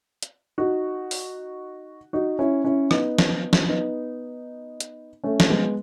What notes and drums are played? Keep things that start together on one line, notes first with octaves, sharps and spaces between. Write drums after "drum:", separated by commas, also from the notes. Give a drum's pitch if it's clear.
drum: hi-hat
D#4 F#4
drum: open hi-hat
D#4 F#4
C#4 E4
C#4 E4
B3 D#4, drum: rim click
drum: snare
drum: snare
B3 D#4
drum: hi-hat
A3 C#4
drum: snare
G#3 B3